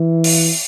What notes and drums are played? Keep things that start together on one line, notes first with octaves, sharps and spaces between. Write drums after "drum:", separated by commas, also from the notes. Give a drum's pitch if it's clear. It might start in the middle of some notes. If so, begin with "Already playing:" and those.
Already playing: E3
drum: open hi-hat